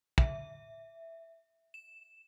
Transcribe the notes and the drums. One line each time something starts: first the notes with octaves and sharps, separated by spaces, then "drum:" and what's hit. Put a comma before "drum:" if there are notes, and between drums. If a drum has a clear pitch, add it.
E5, drum: kick
E7